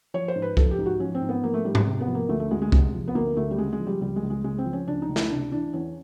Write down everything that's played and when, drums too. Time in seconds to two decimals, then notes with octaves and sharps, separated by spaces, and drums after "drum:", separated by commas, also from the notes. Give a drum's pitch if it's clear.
0.14 F3 C#5
0.28 C5
0.36 G#2
0.42 B4
0.57 F3 A4, drum: kick
0.71 G4
0.79 G#2
0.86 F#4
1.00 F3 C#4
1.15 C4
1.22 G#2
1.29 B3
1.44 F3 A#3
1.54 A3
1.65 G#2 G3
1.75 G#3, drum: tom G#2
1.86 C3
2.01 B3
2.07 F3
2.15 A#3
2.29 D2 A3
2.40 A3
2.51 D2 G#3
2.62 G#3
2.72 C3 G#3, drum: kick
2.94 F3
3.08 B3
3.15 D2 A#3
3.37 D2 A3
3.51 G3
3.58 C#3 G#3
3.73 G#3
3.80 F3
3.87 G3
4.01 C#2 G3
4.16 G#3
4.23 C#2
4.30 G#3
4.44 C#3 G#3
4.58 C4
4.66 F3
4.73 C#4
4.87 C#2 D4
5.02 D#4
5.09 C#2
5.16 E4, drum: snare
5.30 C3 D4
5.52 E3 D4
5.73 E2 C#4